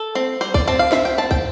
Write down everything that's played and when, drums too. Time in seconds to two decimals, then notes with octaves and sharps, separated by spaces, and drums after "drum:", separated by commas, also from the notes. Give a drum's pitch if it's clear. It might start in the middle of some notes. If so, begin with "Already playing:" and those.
Already playing: A4
0.15 C4
0.41 G3 C5
0.54 D5, drum: kick
0.68 C4 A5
0.79 F5
0.92 F3 E5, drum: snare
1.05 G5
1.18 C4 A5
1.31 G5, drum: kick